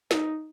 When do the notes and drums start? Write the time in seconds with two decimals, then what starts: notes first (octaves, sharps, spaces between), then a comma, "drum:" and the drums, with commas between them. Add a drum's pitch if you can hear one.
0.11 D#4, drum: snare